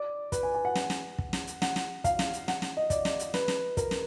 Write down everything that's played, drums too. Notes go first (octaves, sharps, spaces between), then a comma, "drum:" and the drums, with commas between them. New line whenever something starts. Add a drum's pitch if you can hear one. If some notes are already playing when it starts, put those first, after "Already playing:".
Already playing: D5
B4, drum: kick, hi-hat
G#5
G#5
F#5
drum: snare
drum: snare
drum: kick
drum: snare
drum: hi-hat
F#5, drum: snare
drum: snare
F5, drum: kick, hi-hat
drum: snare
drum: hi-hat
F#5, drum: snare
drum: snare
D#5
D5, drum: kick, hi-hat
drum: snare
drum: hi-hat
B4, drum: snare
drum: snare
A#4, drum: kick, hi-hat
drum: snare